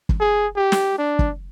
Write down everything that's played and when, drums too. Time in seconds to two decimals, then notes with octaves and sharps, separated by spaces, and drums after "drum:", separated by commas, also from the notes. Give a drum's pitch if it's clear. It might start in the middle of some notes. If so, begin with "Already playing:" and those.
0.09 drum: kick
0.20 G#4
0.56 G4
0.72 drum: snare
0.98 D4
1.19 drum: kick